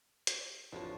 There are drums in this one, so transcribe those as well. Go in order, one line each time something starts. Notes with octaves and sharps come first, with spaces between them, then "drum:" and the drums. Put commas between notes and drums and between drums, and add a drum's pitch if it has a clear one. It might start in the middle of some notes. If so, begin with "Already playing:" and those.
drum: hi-hat
A1 F2 F3 F#3 D4